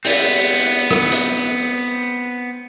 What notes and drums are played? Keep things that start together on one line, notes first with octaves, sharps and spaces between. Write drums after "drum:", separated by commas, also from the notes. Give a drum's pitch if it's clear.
B3 C4, drum: open hi-hat
drum: rim click
drum: hi-hat